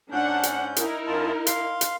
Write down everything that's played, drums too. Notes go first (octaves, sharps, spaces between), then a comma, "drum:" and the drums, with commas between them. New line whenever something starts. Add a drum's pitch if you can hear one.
G#2 C#4 D4 F#5 G6
drum: hi-hat
D#4 E4 A#4, drum: hi-hat
F#2 F4 A5
F5 C6, drum: hi-hat
drum: hi-hat